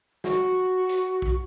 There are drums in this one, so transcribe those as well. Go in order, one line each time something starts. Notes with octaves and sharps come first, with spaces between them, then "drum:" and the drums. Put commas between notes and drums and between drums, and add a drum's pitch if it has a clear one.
F#4, drum: snare
drum: hi-hat
drum: kick B1